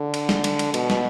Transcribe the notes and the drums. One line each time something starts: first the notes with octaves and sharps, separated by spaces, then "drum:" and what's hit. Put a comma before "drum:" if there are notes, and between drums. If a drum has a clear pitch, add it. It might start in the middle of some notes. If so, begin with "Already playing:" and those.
Already playing: D3
drum: cymbal
drum: snare
drum: cymbal
drum: cymbal
B2, drum: cymbal
drum: snare